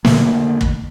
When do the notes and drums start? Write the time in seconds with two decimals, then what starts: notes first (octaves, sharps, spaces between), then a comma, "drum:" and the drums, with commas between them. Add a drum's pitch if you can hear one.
0.05 D3 A3 A#3, drum: snare
0.61 drum: kick